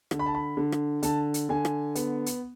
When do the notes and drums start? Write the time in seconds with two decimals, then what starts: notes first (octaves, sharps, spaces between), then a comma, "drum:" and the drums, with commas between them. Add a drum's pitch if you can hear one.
0.11 D3, drum: rim click
0.19 B5
0.26 A5
0.35 B5
0.57 D3
0.72 drum: rim click
1.03 D3 A5, drum: hi-hat
1.34 drum: hi-hat
1.49 D3 G#5
1.65 drum: rim click
1.95 B3, drum: hi-hat
2.26 drum: hi-hat